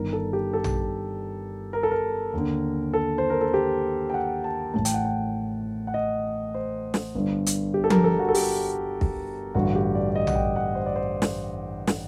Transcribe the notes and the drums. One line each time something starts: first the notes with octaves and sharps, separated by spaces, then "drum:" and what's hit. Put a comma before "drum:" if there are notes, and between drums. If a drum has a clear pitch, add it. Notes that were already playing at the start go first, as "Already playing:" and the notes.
Already playing: G1 G2 D#3 A#4
A4
G4
A4
drum: tom A#1
A#4
A4
A#4
D#2 D3
A4
C5
A#4
A4
G4
G5
F#5
A5
A1 A2 A5
G5, drum: hi-hat
F#5
G5
F#5
D#5
C5
drum: snare
G1 G2 D3
drum: hi-hat
G4
A4
A#4, drum: tom F3
A4
F#4
A4
G4, drum: open hi-hat
drum: kick
A1 G2 D3 F#4
G4
D5
D5
D#5
F#5, drum: tom A#1
G5
F#5
C5
D5
C5
drum: snare
drum: snare